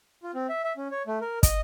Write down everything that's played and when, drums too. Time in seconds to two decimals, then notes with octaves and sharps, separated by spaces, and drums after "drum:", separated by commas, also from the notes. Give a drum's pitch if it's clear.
0.23 F4
0.35 C4
0.49 E5
0.64 E5
0.77 C#4
0.91 C#5
1.07 A3
1.21 A#4
1.43 D#5, drum: kick, hi-hat